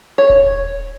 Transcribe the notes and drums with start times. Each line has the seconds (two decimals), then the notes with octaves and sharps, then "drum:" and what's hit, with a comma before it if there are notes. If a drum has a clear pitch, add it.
0.18 C#5
0.30 drum: kick D#1